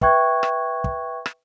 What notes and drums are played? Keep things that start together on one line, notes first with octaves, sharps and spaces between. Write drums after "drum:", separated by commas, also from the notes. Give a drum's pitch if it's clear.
B4 E5 G5 C#6 F#6 G#6, drum: kick
drum: rim click
drum: kick
drum: rim click